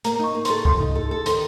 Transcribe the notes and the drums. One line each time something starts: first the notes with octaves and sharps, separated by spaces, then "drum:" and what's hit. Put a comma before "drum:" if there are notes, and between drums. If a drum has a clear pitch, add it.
A#3 A#5, drum: hi-hat
D#4 C#6
A#3
A4 C6, drum: hi-hat
F3 C6, drum: kick C#2
D#4
A4
A4
D#3 C6, drum: hi-hat